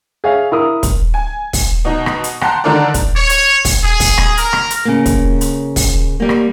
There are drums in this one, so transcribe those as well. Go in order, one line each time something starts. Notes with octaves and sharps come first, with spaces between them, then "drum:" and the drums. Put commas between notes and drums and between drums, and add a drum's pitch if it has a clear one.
G#4 C#5 E5 F5
E4 A#4 D#6
drum: kick, hi-hat
G#5
drum: kick, open hi-hat
B2 D#4
drum: rim click
drum: hi-hat
F#5 G5 A5 A#5 C6 F#6, drum: rim click
D3 D#3 D4 A4 A#4 D5
drum: kick, hi-hat
C#5
drum: hi-hat
drum: kick, open hi-hat
G#4
drum: kick, open hi-hat
drum: rim click
A#4, drum: hi-hat
drum: rim click
drum: hi-hat
C#3 A#3
drum: kick, hi-hat
drum: hi-hat
drum: kick, open hi-hat
G3 A#3
drum: rim click